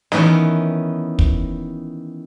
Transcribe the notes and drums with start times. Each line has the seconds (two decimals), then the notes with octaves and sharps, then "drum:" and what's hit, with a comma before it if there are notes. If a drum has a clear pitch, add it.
0.12 D#3 E3 B3 C#4 D#4, drum: snare
1.19 drum: kick